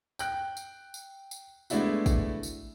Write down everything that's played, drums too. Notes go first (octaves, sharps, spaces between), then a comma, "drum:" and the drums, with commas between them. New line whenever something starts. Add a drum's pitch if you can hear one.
G5 F#6, drum: tambourine
drum: tambourine
drum: tambourine
drum: tambourine
G#3 A3 B3 D4 E4 F#4, drum: tambourine
drum: kick, tambourine
drum: tambourine